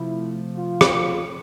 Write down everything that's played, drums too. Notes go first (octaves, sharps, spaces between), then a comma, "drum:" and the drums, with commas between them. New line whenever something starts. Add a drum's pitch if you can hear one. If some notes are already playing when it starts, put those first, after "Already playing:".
Already playing: C3 F3 A3 E4
F4
drum: rim click